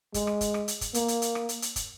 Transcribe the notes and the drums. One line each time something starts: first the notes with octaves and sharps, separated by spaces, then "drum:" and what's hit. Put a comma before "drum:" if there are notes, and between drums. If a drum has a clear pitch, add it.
G#3, drum: kick, hi-hat
drum: rim click
drum: kick, hi-hat
drum: rim click
drum: hi-hat
drum: kick, hi-hat
A#3, drum: hi-hat
drum: hi-hat
drum: hi-hat
drum: rim click
drum: hi-hat
drum: hi-hat
drum: kick, hi-hat